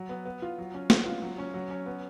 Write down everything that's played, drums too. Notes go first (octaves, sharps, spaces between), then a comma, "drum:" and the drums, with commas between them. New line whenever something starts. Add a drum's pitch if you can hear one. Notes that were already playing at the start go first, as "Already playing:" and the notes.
Already playing: F#3
B3
B3
F4
F#3
C#4
B3, drum: snare
F4
F#3
C#4
F#3
C#4
B3